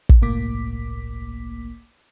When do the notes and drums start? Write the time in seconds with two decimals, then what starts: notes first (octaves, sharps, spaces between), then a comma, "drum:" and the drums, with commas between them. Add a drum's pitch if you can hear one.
0.09 drum: kick
0.22 G1 C2 A2 A#3 D6 B6